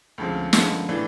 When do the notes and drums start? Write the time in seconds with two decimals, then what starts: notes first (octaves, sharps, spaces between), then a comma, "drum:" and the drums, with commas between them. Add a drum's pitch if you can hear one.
0.18 D2 C#3 F3 G#3 C4
0.53 F#2 D3 F3 G#3 B3, drum: snare
0.89 A2 E3 A3 D4